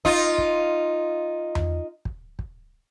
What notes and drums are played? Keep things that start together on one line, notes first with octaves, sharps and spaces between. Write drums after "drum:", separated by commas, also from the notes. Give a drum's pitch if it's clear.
D#4 F4, drum: kick
drum: kick
drum: tom E2
drum: kick
drum: kick